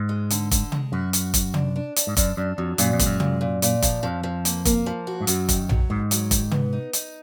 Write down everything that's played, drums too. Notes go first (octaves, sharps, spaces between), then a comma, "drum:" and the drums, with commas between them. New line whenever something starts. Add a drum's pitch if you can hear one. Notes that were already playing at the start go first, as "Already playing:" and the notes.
Already playing: G#2
G#3
D3, drum: hi-hat
D3, drum: kick F1, hi-hat
G#3, drum: tom
F#2 F#4
F#4, drum: hi-hat
F#4, drum: kick F1, hi-hat
D4, drum: tom
D4
D4, drum: hi-hat
G#2
F#2 D4, drum: kick F1, hi-hat
F#2 D4
F2 F#3
F#2 A#2, drum: hi-hat
F2
G#3, drum: kick F1, hi-hat
F#2
A#2, drum: tom
A#2
A#2, drum: hi-hat
F3, drum: kick F1, hi-hat
F2 F3
F3
A#3, drum: hi-hat
A#3, drum: kick F1, hi-hat
F3
F#4
G#2
F#2 F#3, drum: hi-hat
D#3, drum: kick F1, hi-hat
F#3, drum: tom A#1
G#2 D#3
F#3, drum: hi-hat
D#3, drum: kick F1, hi-hat
B3, drum: tom
D#4
D#4, drum: hi-hat